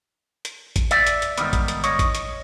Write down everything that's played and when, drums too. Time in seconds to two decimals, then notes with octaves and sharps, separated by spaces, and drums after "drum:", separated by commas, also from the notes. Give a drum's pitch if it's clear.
0.45 drum: hi-hat
0.76 drum: kick A1, hi-hat
0.91 D5 E5, drum: hi-hat
1.07 drum: hi-hat
1.22 drum: hi-hat
1.38 G#2 D#3 G3 B3, drum: hi-hat
1.53 drum: kick A1, hi-hat
1.68 drum: hi-hat
1.84 C#5 D#5, drum: hi-hat
1.99 drum: kick A1, hi-hat
2.15 drum: hi-hat